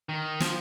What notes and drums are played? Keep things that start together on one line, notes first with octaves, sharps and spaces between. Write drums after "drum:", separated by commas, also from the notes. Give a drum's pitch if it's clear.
D#3
F3, drum: snare